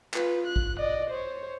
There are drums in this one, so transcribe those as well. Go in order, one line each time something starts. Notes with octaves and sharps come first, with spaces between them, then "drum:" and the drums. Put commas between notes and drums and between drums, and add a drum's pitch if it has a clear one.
F4 B4, drum: clap
F#6
drum: kick
D5 D#5
C5 C#5